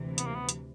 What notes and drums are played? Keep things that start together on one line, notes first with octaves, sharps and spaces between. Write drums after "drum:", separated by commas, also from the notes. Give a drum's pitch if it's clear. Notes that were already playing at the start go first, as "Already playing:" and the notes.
Already playing: D2 C3 E3
B3, drum: hi-hat
A#3
B3
drum: hi-hat